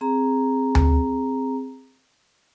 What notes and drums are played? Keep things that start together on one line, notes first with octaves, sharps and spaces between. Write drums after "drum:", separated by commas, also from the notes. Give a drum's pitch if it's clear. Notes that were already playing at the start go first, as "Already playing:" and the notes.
C4 G#4 A#5
drum: tom D2